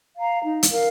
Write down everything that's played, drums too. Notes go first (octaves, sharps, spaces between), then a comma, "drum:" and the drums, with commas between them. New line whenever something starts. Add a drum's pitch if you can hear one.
F5 A#5
D#4
drum: hi-hat
A#4 F5